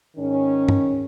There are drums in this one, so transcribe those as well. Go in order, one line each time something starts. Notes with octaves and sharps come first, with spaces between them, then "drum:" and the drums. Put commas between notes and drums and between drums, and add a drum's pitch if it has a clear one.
G#2 D#3 C#4
drum: tom